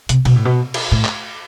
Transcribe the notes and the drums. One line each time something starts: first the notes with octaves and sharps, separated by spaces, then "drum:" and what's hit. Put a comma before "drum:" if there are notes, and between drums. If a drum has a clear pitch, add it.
C3, drum: hi-hat
B2, drum: cymbal
A2
B2
drum: cymbal
A2
drum: clap